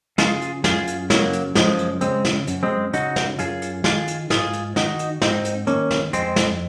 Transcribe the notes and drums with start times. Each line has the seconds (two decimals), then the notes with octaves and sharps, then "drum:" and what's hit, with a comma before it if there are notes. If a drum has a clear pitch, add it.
0.18 C#3 F4 G#4, drum: snare
0.42 drum: hi-hat
0.64 F#2 F4 G#4, drum: snare
0.87 drum: hi-hat
1.10 C#3 F#3 A#3, drum: snare
1.33 drum: hi-hat
1.55 F#2 F3 G#3, drum: snare
1.79 drum: hi-hat
2.01 C#3 G#3 C4, drum: hi-hat
2.25 drum: snare
2.47 F#2, drum: hi-hat
2.63 G#3 C4
2.93 C#3 D#4 F#4, drum: hi-hat
3.16 drum: snare
3.39 F#2 F4 G#4, drum: hi-hat
3.62 drum: hi-hat
3.84 D#3 F4 G#4, drum: snare
4.08 drum: hi-hat
4.30 G#2 F4 G#4, drum: snare
4.53 drum: hi-hat
4.76 D#3 D#4 F#4, drum: snare
4.99 drum: hi-hat
5.22 G#2 C4 D#4, drum: snare
5.45 drum: hi-hat
5.67 D#3 A#3 C#4, drum: hi-hat
5.91 drum: snare
6.13 F2 G#3 C4, drum: hi-hat
6.36 drum: snare